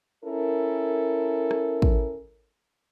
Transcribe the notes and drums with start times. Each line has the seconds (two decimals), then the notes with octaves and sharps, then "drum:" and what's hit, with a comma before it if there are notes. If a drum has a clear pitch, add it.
0.25 C#4 E4 A4 A#4
1.51 drum: rim click
1.82 drum: kick